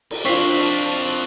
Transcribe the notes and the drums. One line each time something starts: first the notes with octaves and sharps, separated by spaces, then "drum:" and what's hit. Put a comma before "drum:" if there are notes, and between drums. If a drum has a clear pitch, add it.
drum: cymbal
F3 C4 D4 F4 C5 C#6 B6 C7
drum: hi-hat